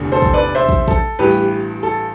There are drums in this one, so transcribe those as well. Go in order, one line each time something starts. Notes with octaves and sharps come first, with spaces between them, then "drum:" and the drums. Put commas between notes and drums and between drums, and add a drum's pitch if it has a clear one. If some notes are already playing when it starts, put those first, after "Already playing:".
Already playing: F1 E2 D3
A4 C5
drum: kick
B4 D5
C5 E5
drum: kick
A4, drum: kick
A1 G2 E3 G4 B4
drum: tambourine
A4